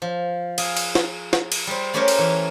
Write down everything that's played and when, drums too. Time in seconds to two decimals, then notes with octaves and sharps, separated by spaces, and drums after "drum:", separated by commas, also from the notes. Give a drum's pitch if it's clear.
0.02 F3
0.58 G#4 F5, drum: cymbal
0.77 drum: cymbal
0.95 drum: snare
1.33 drum: snare
1.52 drum: cymbal
1.67 G3 C5
1.94 A3 C#4 G4 A#4 C5 C#5
2.08 drum: cymbal
2.18 E3